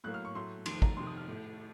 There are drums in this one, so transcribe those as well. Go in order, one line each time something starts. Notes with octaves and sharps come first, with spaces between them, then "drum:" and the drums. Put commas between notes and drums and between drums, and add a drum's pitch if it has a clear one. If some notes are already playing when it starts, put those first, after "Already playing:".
A2 F#3 A#3 F#6
F6
C#6
A2 F#3 A3 C6
F2 D#3 A3 C6, drum: cymbal
A#5, drum: kick
F2 C3 D#3 C6
D#6
F6
A2 A3